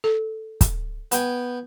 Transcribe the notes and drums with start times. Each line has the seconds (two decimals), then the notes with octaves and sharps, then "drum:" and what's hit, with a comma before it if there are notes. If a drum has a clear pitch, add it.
0.04 A4
0.61 drum: kick, hi-hat
1.12 B3 G5 G#5, drum: hi-hat